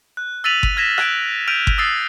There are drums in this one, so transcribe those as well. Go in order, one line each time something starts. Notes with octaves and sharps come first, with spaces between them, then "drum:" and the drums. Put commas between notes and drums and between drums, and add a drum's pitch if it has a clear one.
F#6
E6 A6 B6 D#7 F7 F#7
drum: kick G1
F6 G#6 A#6 B6 E7
F#6 G#6 D7, drum: rim click
F6 G6 D7 D#7 F7
drum: kick G1
D#6 E6 A6 C7